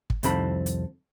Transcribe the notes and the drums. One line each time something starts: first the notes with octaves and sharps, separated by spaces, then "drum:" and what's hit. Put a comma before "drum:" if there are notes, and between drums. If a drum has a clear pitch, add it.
drum: kick
C2 F2 D#3 C4 A4 B5, drum: hi-hat
drum: hi-hat